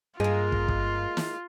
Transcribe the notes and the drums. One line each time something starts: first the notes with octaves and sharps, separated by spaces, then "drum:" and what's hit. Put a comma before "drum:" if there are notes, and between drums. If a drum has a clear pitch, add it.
G2 G#3 A#3 F4 G#4
drum: kick
drum: kick
drum: snare